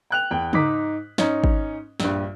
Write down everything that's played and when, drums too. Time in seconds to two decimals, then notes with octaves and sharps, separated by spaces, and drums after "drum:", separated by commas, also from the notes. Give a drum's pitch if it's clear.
0.10 G5 F#6 F7
0.31 E2 G5
0.53 G#2 D#4 D6 B6, drum: tom C#3
1.18 G#2 C#4 D#4, drum: snare
1.44 drum: kick G#1
2.00 A#1 G2, drum: snare